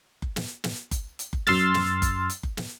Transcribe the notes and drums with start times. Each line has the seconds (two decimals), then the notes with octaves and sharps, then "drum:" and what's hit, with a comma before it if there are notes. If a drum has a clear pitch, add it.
0.22 drum: kick F#1
0.36 drum: snare
0.64 drum: snare
0.91 drum: kick F#1, hi-hat
1.19 drum: hi-hat
1.33 drum: kick F#1
1.47 F#2 C6 E6 F6 A6, drum: snare
1.74 drum: snare
2.02 drum: kick F#1, hi-hat
2.30 drum: hi-hat
2.43 drum: kick F#1
2.57 drum: snare